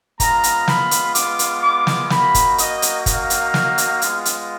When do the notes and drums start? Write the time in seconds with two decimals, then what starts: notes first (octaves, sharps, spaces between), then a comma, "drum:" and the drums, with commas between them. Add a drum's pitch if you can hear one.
0.20 G#3 B3 F4 A#5, drum: kick, hi-hat
0.44 drum: hi-hat
0.68 B5, drum: snare
0.91 drum: hi-hat
1.15 D6, drum: hi-hat
1.39 drum: hi-hat
1.63 D6
1.87 drum: snare
2.10 A#3 D#4 F#4 B5, drum: snare
2.34 drum: kick, hi-hat
2.58 D#5, drum: hi-hat
2.82 drum: hi-hat
3.06 F5, drum: kick, hi-hat
3.30 drum: hi-hat
3.54 drum: snare
3.78 drum: hi-hat
4.02 G#3 B3 F4, drum: hi-hat
4.25 drum: hi-hat